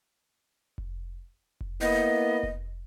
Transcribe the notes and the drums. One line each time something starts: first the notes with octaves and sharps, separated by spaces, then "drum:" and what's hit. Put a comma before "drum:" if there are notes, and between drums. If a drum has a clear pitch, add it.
drum: kick F1
drum: kick F1
A#3 B3 E4 D#5
drum: kick F1